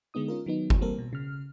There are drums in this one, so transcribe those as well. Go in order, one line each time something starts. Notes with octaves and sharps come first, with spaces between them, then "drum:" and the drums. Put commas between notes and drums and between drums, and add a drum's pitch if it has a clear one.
D3 G#3 B3 D#4 D#6
C#4 F4 A#4
D#3 F#3 B3 D#4
drum: kick G1
E3 G3 A#3 C4 A4 A#4
B2
C#3 F6